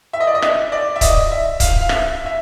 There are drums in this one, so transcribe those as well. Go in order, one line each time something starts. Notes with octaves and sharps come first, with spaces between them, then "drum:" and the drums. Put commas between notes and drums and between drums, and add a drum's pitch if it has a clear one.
E5
D#5
D5
D#5
E5, drum: rim click
D5
E5
D#5, drum: kick C#1, hi-hat
E5
F5, drum: kick C#1, hi-hat
F5
E5, drum: rim click
E5